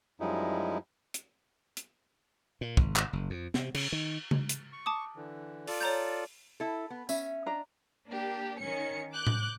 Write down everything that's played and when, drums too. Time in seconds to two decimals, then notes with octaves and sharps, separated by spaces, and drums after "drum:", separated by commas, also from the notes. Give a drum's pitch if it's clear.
0.20 F#2 F3 G3 G#3 D#4 E4
1.14 drum: hi-hat
1.77 drum: hi-hat
2.61 A#2
2.77 G#1, drum: kick
2.96 drum: clap
3.13 F#1
3.30 F2
3.54 C3, drum: snare
3.74 C#3, drum: cymbal
3.92 D#3
4.31 drum: tom C#3
4.49 drum: hi-hat
4.72 C#6
4.86 A5 D6 D#6
5.16 D3 E3
5.67 F4 A4 D5, drum: open hi-hat
5.81 C#5 A#5 G6
6.60 E4 A4
6.90 B3
7.09 C#4 E5, drum: tambourine
7.46 D4 D#5 A#5
8.08 A#3 D4 G4
8.59 D#3 C#4 C#7
9.14 D6 F#6 G6
9.27 drum: tom A2